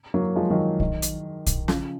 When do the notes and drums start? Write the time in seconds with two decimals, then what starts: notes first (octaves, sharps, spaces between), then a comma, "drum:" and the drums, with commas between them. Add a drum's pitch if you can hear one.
0.14 F#3 A#3
0.36 F3 G#3
0.50 D#3 F#3
0.80 D#3, drum: kick A#1
1.02 drum: hi-hat
1.47 drum: kick A#1, hi-hat
1.68 C#3 F3, drum: snare